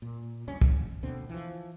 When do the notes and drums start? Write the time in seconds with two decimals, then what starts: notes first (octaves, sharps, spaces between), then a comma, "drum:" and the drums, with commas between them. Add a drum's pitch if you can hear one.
0.02 A#2
0.48 D1 G2 C3 C#4
0.61 D1 A1, drum: kick
1.03 D2 B2 D3 C4
1.29 E3 F3